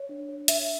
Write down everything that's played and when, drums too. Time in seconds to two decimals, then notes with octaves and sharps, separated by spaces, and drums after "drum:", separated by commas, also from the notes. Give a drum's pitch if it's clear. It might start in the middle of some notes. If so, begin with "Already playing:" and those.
Already playing: C#5
0.09 D4
0.29 C#5
0.48 E5, drum: hi-hat